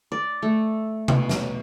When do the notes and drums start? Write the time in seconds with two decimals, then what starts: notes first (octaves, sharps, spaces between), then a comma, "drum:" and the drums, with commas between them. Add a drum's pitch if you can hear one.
0.12 D5
0.42 A3
1.08 B2, drum: tom C3
1.29 drum: snare